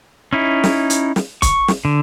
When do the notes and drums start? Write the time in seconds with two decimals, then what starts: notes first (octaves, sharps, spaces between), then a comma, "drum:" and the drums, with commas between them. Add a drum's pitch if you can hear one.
0.33 C#4 D#4 E4
0.64 drum: snare
0.90 drum: hi-hat
1.16 drum: snare
1.42 C#6, drum: kick, hi-hat
1.68 drum: snare
1.85 D3